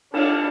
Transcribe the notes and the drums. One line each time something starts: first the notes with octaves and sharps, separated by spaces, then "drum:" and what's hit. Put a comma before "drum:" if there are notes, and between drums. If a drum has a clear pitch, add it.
D4, drum: cymbal